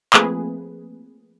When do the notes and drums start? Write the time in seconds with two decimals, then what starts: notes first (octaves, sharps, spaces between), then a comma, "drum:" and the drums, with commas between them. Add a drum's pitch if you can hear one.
0.14 F3 A3 A#3 C4 G#4 B4, drum: clap